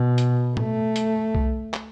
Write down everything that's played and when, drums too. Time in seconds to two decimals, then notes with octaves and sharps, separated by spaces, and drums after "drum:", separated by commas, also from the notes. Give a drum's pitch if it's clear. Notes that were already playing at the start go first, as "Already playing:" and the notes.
Already playing: B2
0.18 drum: hi-hat
0.57 A3, drum: tom A2
0.96 drum: hi-hat
1.35 drum: kick B1
1.74 drum: clap